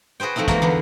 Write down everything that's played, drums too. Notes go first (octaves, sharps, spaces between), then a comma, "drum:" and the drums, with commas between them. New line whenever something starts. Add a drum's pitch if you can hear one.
F#4 G#4 B4 C5 G5
F3 A3 C4 D#4 E4
E3 F3 G#3 A#3 F#4 A#4, drum: kick, hi-hat
E2 D3 B3